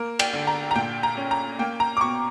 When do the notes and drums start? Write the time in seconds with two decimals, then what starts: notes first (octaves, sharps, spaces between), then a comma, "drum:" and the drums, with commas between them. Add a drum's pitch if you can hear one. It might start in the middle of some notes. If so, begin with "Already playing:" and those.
Already playing: A#3 A#4
0.19 G5, drum: cymbal
0.33 D3
0.47 A#5
0.71 A#5
0.75 A#2 G5
1.03 A#5
1.17 C#4
1.31 A#5
1.59 A#3 G5
1.80 A#5
1.97 D6
2.01 B2 C#6